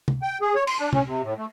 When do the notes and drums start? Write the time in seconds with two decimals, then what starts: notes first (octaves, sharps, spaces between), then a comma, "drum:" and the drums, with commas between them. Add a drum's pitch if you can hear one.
0.08 drum: tom C3
0.22 G5
0.41 G#4
0.55 C#5
0.67 C6, drum: cymbal
0.79 D4
0.93 C#4, drum: tom C3
1.06 C3
1.23 A2
1.37 A3